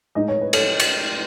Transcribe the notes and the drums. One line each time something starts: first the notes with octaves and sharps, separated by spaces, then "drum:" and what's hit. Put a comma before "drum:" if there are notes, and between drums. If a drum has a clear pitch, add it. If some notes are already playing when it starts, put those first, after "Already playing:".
A2 G#3 D#4 D#5
C#5
B4
A4 C#5, drum: cymbal
drum: cymbal